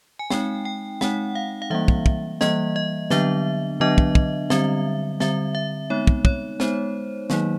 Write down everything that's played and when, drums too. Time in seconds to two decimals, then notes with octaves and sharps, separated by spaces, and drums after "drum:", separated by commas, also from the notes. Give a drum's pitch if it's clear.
0.19 G#5
0.30 G#3 C4 D#4 G5, drum: snare
0.65 G5
1.01 G#3 C4 D#4 F#5, drum: snare
1.35 F5
1.62 F5
1.70 E3 G3 A#3 E5
1.88 drum: kick
2.06 drum: kick
2.41 E3 G3 A#3 D#5, drum: snare
2.76 D#5
3.10 D3 F#3 B3 D4 E5, drum: snare
3.80 D3 F#3 B3 D4 D#5
3.98 drum: kick
4.15 drum: kick
4.50 D3 G3 C4 E5, drum: snare
5.20 D3 G3 C4 E5, drum: snare
5.55 E5
5.90 G#3 B3 D#4 C#5
6.07 drum: kick
6.25 C#5, drum: kick
6.60 G#3 B3 D#4 C5, drum: snare
7.30 D#3 F#3 A#3 D#4, drum: snare